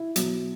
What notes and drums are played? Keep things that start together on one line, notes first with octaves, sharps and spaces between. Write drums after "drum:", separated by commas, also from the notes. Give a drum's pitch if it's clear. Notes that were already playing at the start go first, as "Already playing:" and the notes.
Already playing: E4
B2 F#3, drum: hi-hat